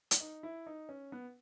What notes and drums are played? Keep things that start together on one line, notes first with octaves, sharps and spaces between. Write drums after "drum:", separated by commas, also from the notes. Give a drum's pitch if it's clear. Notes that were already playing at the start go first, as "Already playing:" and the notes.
drum: hi-hat
D#4
E4
D#4
C#4
B3